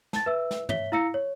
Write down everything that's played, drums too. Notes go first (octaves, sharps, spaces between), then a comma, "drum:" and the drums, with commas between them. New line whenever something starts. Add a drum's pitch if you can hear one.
A5 A6, drum: snare
B4 E5 E6
drum: snare
C#5 E5 B6 G7, drum: tom
E4 F5 A#5 E6 A#6 C#7
C#5